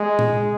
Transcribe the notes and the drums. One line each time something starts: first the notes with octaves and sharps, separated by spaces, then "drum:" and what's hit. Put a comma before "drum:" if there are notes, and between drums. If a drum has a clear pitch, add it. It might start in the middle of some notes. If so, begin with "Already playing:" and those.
Already playing: G#3
drum: tom